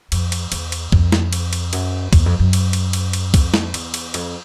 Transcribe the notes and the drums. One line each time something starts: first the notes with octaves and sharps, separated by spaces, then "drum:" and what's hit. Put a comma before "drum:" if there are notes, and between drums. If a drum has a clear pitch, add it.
F2, drum: cymbal
drum: cymbal
E2, drum: cymbal
drum: cymbal
F2, drum: kick C2
drum: snare
drum: cymbal
drum: cymbal
F#2, drum: cymbal
E2, drum: kick C2, cymbal
F2
F#2
drum: cymbal
drum: cymbal
drum: cymbal
drum: cymbal
F2, drum: kick C2, cymbal
drum: snare
E2, drum: cymbal
drum: cymbal
F2, drum: cymbal